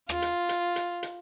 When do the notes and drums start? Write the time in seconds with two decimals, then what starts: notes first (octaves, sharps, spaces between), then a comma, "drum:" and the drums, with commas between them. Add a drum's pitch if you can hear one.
0.09 F4, drum: rim click
0.22 drum: hi-hat
0.49 drum: hi-hat
0.76 drum: hi-hat
1.03 drum: hi-hat